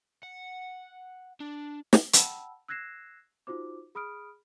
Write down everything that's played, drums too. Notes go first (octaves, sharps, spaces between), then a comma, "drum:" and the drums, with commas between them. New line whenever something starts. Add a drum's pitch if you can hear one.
F#5
D4
drum: snare
F#5 G5 A5 B5 E6, drum: hi-hat
E6 F#6 G#6 A#6 C7 E7
D#4 F4 F#4 C5 D6
G#4 B5 D#6 F6 D7